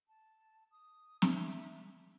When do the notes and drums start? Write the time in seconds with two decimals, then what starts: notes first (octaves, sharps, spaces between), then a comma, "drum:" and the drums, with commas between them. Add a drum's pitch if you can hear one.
0.08 A5
0.71 D#6
1.22 E5, drum: snare